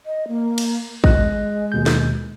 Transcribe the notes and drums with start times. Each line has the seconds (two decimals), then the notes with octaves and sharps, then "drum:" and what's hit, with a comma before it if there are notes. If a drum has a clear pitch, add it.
0.06 D#5
0.28 A#3
0.58 drum: cymbal
1.04 G#3 D#5 F#6, drum: kick
1.72 D#2 B2 G6
1.86 drum: snare